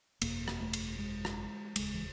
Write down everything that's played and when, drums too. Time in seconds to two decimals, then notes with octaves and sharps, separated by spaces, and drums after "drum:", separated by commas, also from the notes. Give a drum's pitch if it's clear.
0.22 G1 F2 C3 A#3, drum: cymbal
0.48 drum: rim click
0.60 A3
0.73 drum: cymbal
0.99 G#3
1.25 drum: rim click
1.76 F1 D#2 C#3 G#3, drum: cymbal
1.94 E3